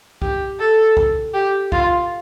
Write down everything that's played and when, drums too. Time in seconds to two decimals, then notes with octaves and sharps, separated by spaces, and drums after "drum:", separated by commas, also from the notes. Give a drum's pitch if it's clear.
0.22 G4, drum: kick
0.60 A4
0.97 drum: kick
1.34 G4
1.72 F4, drum: kick